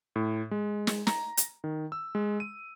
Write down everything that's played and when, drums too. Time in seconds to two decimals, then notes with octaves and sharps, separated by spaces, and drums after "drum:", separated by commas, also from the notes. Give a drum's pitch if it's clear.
0.16 A2
0.51 G#3
0.87 drum: snare
1.07 A#5, drum: snare
1.37 drum: hi-hat
1.64 D#3
1.92 E6
2.15 G#3
2.40 D#7